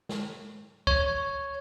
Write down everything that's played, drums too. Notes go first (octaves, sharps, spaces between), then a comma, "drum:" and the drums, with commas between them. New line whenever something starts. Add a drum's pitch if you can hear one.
drum: snare
C#5, drum: kick